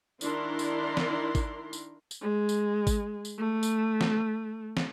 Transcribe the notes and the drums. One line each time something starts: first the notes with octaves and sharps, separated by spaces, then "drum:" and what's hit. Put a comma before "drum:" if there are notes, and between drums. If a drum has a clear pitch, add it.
D#3 D4 E4 A#4 C6, drum: tambourine
drum: tambourine
drum: snare
drum: kick G#1, tambourine
drum: tambourine
drum: tambourine
G#3
drum: tambourine
drum: kick G#1, tambourine
drum: tambourine
A3
drum: tambourine
drum: snare
drum: snare